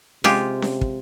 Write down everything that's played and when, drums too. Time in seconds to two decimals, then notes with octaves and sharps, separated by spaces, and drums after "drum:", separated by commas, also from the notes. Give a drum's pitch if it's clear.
0.24 C3 G#3 F4 G4, drum: snare C#4
0.62 drum: snare C#4
0.81 drum: kick